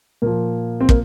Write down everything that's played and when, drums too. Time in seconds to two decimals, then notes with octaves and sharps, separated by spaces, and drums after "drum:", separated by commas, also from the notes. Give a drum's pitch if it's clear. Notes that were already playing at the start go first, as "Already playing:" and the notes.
0.22 A#2 F3 A#3
0.81 C4
0.89 A#3, drum: kick